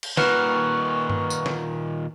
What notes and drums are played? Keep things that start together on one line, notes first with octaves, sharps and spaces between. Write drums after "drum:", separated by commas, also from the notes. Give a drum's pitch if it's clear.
drum: cymbal
A#2 D#3 B4 F#5 C#6 F6, drum: snare
drum: tom G2
drum: tambourine
drum: snare